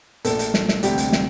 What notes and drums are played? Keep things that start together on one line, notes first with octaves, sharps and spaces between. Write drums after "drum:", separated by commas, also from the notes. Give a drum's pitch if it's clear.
A#1 A#2 A3 A4, drum: hi-hat
drum: hi-hat
drum: snare
drum: snare
D2 C3 G3 G4, drum: hi-hat
drum: hi-hat
drum: snare